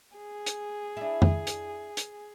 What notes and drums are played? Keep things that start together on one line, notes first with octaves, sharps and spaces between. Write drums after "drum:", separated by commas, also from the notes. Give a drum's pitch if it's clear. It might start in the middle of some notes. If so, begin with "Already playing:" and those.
G#4
drum: hi-hat
D4 E4
drum: tom F2
drum: hi-hat
drum: hi-hat